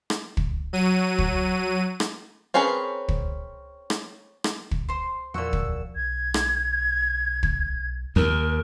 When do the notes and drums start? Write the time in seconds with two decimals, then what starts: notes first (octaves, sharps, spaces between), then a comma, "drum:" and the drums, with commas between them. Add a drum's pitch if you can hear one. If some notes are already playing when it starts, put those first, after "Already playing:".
0.10 drum: rim click
0.37 drum: kick
0.73 F#3 D#7
1.18 drum: kick
2.00 drum: rim click
2.54 C4 C#4 G#4 A#4 B4
3.08 drum: kick
3.90 drum: rim click
4.44 drum: rim click
4.71 drum: kick
4.89 C5 C6
5.34 E2 A#2 F3 F#4 E6
5.53 drum: kick
5.96 B1 G#6
6.34 drum: rim click
7.43 drum: kick
8.16 D#2 A#4